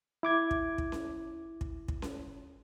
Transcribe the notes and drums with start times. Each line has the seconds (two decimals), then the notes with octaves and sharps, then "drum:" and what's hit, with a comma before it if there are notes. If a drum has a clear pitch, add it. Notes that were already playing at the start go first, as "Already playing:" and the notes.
0.23 E4 D6 G#6
0.51 drum: kick
0.78 drum: kick
0.92 drum: snare C#4
1.61 drum: kick
1.88 drum: kick
2.02 drum: snare C#4